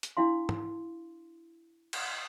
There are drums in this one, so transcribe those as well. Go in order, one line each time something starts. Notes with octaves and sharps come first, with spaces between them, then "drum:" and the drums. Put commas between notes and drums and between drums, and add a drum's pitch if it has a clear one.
drum: hi-hat
D4 E4 F5 C6
drum: tom
drum: cymbal